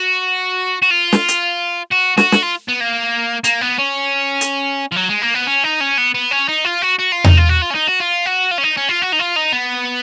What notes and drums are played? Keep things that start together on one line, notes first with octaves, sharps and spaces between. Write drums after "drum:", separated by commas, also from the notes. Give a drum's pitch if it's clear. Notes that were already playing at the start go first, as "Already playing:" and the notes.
Already playing: F#4
F#4
F4
drum: snare
drum: hi-hat
F#4
F#4, drum: snare
drum: snare
F4
B3
A#3
A#3, drum: hi-hat
B3
C#4
drum: hi-hat
F3
F#3
G#3
A#3
B3
C#4
D#4
C#4
B3
B3
C#4
D#4
F4
F#4
F#4
F4
D#4, drum: tom E2
F4
F#4
F4
C#4
D#4
F#4
F4
F#4
F4
C#4
D#4
C#4
F4
F#4
D#4
F4
D#4
B3